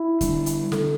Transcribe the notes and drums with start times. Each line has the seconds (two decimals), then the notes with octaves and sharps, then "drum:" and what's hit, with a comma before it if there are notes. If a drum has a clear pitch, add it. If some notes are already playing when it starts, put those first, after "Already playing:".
Already playing: E4
0.21 D3 G3 D4, drum: kick, hi-hat
0.46 drum: hi-hat
0.72 D3 G3 D4 A4, drum: snare